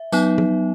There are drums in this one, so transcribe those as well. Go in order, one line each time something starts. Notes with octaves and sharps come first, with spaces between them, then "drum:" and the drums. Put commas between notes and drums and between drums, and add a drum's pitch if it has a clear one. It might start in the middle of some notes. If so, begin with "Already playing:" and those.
Already playing: E5
F#3 B3 D#4, drum: tambourine
drum: tom